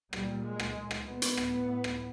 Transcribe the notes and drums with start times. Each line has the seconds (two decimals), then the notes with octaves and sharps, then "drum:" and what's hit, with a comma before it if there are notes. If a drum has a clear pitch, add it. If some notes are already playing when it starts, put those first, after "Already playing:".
0.13 A#2 G3, drum: rim click
0.43 G#3
0.60 drum: rim click
0.76 A#2
0.91 drum: rim click
1.06 B3
1.22 drum: hi-hat
1.37 A2, drum: rim click
1.84 drum: rim click